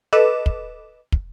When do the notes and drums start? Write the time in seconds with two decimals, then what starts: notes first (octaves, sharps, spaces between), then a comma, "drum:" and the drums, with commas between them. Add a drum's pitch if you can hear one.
0.13 A4 B4 D#5 D6 E7
0.46 drum: kick
1.12 drum: kick